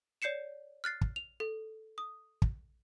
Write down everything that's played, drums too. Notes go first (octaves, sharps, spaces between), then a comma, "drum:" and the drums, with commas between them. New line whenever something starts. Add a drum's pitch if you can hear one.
C#5 D5 G6 C7 C#7 E7
F6 F#6 A6 C7
drum: kick
F7
A4
D#6
drum: kick